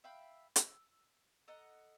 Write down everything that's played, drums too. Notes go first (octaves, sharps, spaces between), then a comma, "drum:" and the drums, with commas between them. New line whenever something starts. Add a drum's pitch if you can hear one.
E5 F5 G5 B5
E6, drum: hi-hat
A4 D#5 F#5 A#5